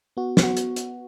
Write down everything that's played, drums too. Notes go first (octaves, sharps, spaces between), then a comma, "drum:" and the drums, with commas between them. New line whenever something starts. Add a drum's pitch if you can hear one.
B3 F#4
B3, drum: snare
F#4
drum: hi-hat
drum: hi-hat